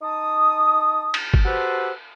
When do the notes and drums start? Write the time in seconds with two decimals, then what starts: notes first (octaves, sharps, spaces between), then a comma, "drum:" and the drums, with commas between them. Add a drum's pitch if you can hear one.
0.02 D#4 A5 D#6
1.14 drum: cymbal
1.34 drum: kick
1.45 F#4 G4 A4 B4 C5